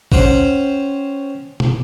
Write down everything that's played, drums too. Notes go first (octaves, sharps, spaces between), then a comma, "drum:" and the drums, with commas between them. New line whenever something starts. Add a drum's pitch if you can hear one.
C#4 C5 F#5 G5, drum: kick A1
drum: tom B2